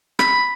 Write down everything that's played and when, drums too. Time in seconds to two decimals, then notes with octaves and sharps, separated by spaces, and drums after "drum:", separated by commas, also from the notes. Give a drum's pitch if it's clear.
0.19 B5, drum: rim click